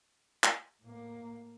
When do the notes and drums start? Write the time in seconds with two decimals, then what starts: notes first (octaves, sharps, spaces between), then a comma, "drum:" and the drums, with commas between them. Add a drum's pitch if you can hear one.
0.44 drum: clap
0.82 A2 A#3